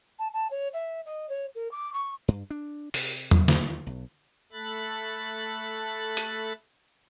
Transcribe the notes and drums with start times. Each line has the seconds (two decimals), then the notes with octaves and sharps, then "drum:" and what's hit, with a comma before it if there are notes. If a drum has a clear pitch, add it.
0.19 A5
0.33 A5
0.50 C#5
0.72 E5
1.05 D#5
1.28 C#5
1.55 A#4
1.71 D6
1.93 C#6
2.28 G2
2.50 D4
2.94 C3, drum: open hi-hat
3.31 B1, drum: tom E2
3.48 D#2, drum: snare
3.86 B1
4.52 A3 A4 B5 F#6 A6
6.17 drum: hi-hat